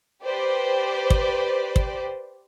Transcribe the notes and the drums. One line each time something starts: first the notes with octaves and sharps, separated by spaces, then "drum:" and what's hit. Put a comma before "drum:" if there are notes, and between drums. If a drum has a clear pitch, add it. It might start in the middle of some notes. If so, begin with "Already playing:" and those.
G4 B4 C5 D5
drum: kick
drum: kick